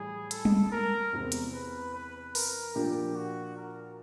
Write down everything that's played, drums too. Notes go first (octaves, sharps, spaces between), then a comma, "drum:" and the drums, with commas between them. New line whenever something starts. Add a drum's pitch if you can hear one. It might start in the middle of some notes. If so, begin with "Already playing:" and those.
Already playing: A2 E3 G3 G#4
A4, drum: hi-hat
drum: tom G3
A#4
E2 C3 E3 G#3 C4
drum: hi-hat
B4
B4
A#4, drum: open hi-hat
A#2 F3 A#3 D4 G4
F#4
A#4